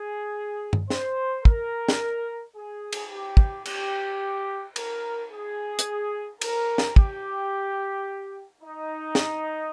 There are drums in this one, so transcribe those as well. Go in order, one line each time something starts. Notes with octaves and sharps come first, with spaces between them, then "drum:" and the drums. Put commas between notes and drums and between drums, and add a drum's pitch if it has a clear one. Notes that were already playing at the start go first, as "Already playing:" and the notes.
Already playing: G#4
drum: tom G2
C5, drum: snare
A#4, drum: kick
drum: snare
G#4
drum: cymbal
G4
drum: kick
G4, drum: cymbal
A#4, drum: cymbal
G#4
drum: hi-hat
A#4, drum: cymbal
drum: snare
G4, drum: kick
D#4
drum: snare